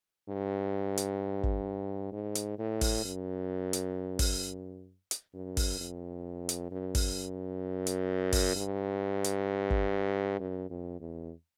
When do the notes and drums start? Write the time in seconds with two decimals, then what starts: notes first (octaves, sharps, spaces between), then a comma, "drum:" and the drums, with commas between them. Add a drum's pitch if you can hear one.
0.29 G2
0.97 drum: hi-hat
1.43 drum: kick
2.12 G#2
2.35 drum: hi-hat
2.58 A2
2.81 drum: kick, open hi-hat
3.04 F#2
3.73 drum: hi-hat
4.19 drum: kick, open hi-hat
5.11 drum: hi-hat
5.34 F#2
5.57 drum: kick, open hi-hat
5.80 F2
6.49 drum: hi-hat
6.71 F#2
6.95 drum: kick, open hi-hat
7.87 drum: hi-hat
8.32 drum: kick, open hi-hat
8.56 G2
9.24 drum: hi-hat
9.70 drum: kick
10.39 F#2
10.70 F2
11.00 E2